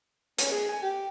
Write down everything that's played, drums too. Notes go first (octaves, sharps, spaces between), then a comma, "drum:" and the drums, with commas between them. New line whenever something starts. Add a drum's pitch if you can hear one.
C#4, drum: hi-hat
G#4
G#5
G4